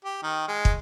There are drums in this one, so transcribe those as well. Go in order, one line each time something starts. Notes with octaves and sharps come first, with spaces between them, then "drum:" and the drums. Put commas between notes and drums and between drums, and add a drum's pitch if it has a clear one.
G4
D#3
G#3
drum: kick